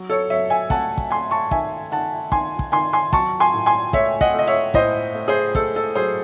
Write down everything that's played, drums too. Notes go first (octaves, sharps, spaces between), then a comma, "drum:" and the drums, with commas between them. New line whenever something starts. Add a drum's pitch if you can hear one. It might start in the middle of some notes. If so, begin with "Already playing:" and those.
Already playing: F#3
A4 C#5
F#3 C#5 E5
E5 G#5
A3 F#5 A5, drum: kick
drum: kick
A3 G#5 C6
A5 C#6
D#3 E5 G#5, drum: kick
D#3 F#5 A5
D#3 G#5 C6, drum: kick
drum: kick
D#3 G#5 C6
G#5 C6
F#3 A5 C#6, drum: kick
G#5 C6
A2
G#5 C6
A3 C#5 E5, drum: kick
D#5 F#5, drum: kick
A3 D#5
C#5 E5
A2 C5 D#5, drum: kick
A3
G#4 C5
A3 A4, drum: kick
A4
F#3 G#4 C5